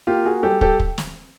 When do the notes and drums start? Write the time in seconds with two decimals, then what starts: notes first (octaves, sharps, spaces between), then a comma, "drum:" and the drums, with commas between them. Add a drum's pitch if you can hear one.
0.07 A#3 F4 G4
0.25 F#4 G#4
0.43 G3 G4 A4
0.61 G4 A4, drum: kick
0.80 drum: kick
0.98 drum: snare